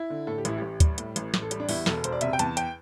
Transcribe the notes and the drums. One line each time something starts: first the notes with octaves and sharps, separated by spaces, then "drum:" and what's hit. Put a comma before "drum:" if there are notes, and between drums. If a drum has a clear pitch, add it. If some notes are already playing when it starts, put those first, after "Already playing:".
Already playing: E4
D3
A2 A4
G4
A1 E4, drum: hi-hat
A1 G4
G3, drum: kick, hi-hat
A2, drum: hi-hat
A1, drum: hi-hat
A1, drum: snare
A4
G3 G4, drum: hi-hat
D4
E2 E4, drum: open hi-hat
E1 A4, drum: snare
E1 C5, drum: hi-hat
D5
C3 E5, drum: hi-hat
G5
E2 A5, drum: hi-hat
G5, drum: hi-hat